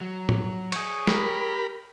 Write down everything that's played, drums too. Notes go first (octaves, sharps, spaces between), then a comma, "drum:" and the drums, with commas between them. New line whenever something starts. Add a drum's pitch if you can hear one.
F#3
drum: tom A2
G#4 C#5, drum: cymbal
G4 A#4 B5, drum: snare